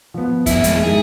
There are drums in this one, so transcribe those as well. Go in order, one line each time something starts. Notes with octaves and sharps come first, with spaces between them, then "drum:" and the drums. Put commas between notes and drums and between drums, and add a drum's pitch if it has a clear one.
F3 B3
F2 E4, drum: kick, hi-hat
G#3, drum: hi-hat
D#3 G#4